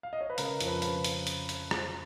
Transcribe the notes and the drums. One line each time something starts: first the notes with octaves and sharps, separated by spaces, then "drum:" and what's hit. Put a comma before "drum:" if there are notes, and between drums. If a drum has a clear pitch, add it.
F5
D#5
C#5
B4
C#3 A#4, drum: hi-hat
F2, drum: hi-hat
B4
C#3, drum: hi-hat
drum: hi-hat
drum: hi-hat
drum: hi-hat
drum: rim click